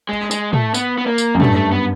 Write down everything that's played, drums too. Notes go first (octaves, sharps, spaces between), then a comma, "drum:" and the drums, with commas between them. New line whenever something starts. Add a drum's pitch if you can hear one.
G#3
G#3, drum: tambourine
A3, drum: tom
B3, drum: tambourine
B3
A#3
drum: tambourine
F#2
G2 A3, drum: tom
A3
B3